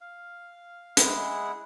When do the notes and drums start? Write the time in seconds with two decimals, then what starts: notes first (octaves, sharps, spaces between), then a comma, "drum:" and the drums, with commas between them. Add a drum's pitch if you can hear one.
0.01 F5
0.97 G#3 E4 G#4 F#5, drum: hi-hat